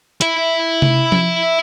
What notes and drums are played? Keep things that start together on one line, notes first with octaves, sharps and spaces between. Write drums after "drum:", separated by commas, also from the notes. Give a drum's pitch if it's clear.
E4 E5, drum: hi-hat
drum: tom C3
drum: tom F3